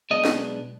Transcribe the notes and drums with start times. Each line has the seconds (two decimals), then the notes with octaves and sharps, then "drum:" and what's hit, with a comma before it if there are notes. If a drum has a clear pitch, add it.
0.10 B1 B2 G#3 B3 D4 D#5
0.25 drum: snare